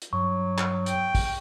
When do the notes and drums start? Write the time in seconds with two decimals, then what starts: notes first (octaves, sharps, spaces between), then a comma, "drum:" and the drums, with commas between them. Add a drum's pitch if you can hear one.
0.02 drum: hi-hat
0.13 G2 F#3 C#6
0.58 drum: clap
0.86 G5, drum: hi-hat
1.15 drum: kick, open hi-hat